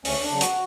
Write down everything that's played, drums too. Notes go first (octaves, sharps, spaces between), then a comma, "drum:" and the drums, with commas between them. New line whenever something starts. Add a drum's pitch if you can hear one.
D2 C#4, drum: open hi-hat
D4
C#3 F#3
F#4, drum: hi-hat